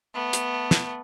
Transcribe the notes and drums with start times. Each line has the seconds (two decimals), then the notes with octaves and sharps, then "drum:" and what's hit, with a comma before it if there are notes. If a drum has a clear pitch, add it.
0.14 A3 B3
0.33 drum: hi-hat
0.71 drum: snare